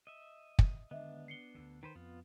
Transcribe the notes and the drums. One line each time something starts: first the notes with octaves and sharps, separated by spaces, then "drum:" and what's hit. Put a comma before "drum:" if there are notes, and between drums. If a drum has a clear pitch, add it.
D#5 E5
drum: kick
D3 D#3 G#3 B3 D4 D#5 E5
C7 C#7 G7
D2 D3
D#3 B4 C5
F2 B3 F4